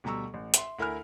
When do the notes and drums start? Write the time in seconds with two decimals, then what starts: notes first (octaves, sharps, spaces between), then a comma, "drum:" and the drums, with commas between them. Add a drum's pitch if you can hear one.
0.04 D2 B2 G3 A#5 C#6 E6
0.34 A1
0.54 E5 C6, drum: hi-hat
0.79 D2 E4 A#4 G#5 B5 F6